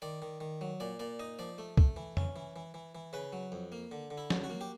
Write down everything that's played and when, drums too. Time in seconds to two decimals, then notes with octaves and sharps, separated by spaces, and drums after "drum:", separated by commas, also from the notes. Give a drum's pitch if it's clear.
0.02 D#3 D5
0.22 D#3
0.41 D#3
0.61 F#3
0.80 A#2 D5
0.99 A#2 D5
1.20 D#4 D#5
1.39 F3 D5
1.58 A3
1.77 A3, drum: kick
1.96 E3
2.17 C#4, drum: tom F2
2.36 E3
2.56 E3
2.74 E3
2.95 E3
3.13 C#3 B4
3.33 F#3
3.52 F2
3.72 A#3
3.91 D3
4.11 D3
4.18 E4
4.30 F#3, drum: snare
4.44 F#4
4.50 A#3
4.61 G4